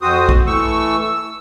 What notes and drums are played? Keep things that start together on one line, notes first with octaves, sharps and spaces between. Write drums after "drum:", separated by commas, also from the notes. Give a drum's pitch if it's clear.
F2 C4 F#4 C5 D#6
drum: kick
E3 A3 C#6 E6
E6